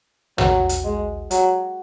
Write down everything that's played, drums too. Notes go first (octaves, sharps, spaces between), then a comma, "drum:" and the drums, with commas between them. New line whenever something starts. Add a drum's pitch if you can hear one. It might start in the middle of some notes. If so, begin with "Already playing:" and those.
F#3, drum: tom
drum: hi-hat
G#3
F#3, drum: hi-hat